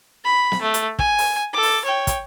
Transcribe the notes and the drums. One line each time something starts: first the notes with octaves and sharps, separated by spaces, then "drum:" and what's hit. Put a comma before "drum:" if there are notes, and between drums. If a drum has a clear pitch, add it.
B5
drum: snare
A3
drum: hi-hat
G#5, drum: kick
drum: open hi-hat
A4 D6
drum: open hi-hat
C#5 G5
drum: kick, hi-hat